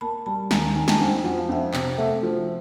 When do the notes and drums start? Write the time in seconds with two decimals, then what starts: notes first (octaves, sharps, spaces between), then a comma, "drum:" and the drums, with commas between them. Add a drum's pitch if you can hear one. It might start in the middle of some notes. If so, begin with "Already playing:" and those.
0.01 A#3 A5 B5
0.26 G3 A5 B5
0.51 D#2 G#5 A#5, drum: snare
0.63 G#5 A#5
0.75 D#3 G#5 A#5
0.88 G5 A5, drum: snare
1.00 F2 F#5 G#5
1.24 F3 F#5
1.38 F5
1.49 F2 E5 F#5
1.74 C3, drum: clap
1.98 A3 E5 F#5
2.23 F3